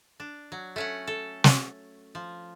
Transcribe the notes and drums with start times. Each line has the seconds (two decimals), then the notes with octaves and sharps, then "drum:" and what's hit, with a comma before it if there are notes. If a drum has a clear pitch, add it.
0.20 D4
0.52 F#3
0.76 A3 C#4 F#5
1.07 A4
1.44 drum: snare
2.15 F3